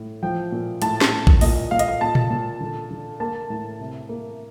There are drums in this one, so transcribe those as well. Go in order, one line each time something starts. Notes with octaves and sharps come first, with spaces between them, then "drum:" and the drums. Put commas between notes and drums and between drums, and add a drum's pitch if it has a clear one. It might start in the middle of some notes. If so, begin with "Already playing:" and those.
Already playing: A2
F3 G5
A#2
A2 A5, drum: hi-hat
drum: snare
A2
drum: kick
A#2 D#5, drum: open hi-hat
A#2 F5
D#5, drum: hi-hat
F5
A#2 A5
drum: tom A#2
A#2
D3
D3
A#3 A5
A2
C3
A#3